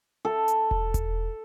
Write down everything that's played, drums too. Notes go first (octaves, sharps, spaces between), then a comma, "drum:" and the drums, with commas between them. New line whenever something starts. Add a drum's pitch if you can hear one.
A4
drum: hi-hat
drum: kick E1
drum: kick E1, hi-hat